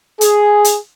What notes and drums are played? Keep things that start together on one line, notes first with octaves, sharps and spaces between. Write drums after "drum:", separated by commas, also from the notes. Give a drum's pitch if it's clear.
G#4, drum: hi-hat
drum: hi-hat